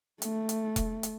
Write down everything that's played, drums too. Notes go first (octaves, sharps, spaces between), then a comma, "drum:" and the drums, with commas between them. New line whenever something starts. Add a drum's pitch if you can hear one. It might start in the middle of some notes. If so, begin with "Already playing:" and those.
A3, drum: hi-hat
drum: hi-hat
drum: kick E1, hi-hat
drum: hi-hat